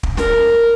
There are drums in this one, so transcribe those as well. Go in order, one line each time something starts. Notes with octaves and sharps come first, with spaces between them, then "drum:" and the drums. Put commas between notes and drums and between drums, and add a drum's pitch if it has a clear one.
drum: kick
A#4, drum: snare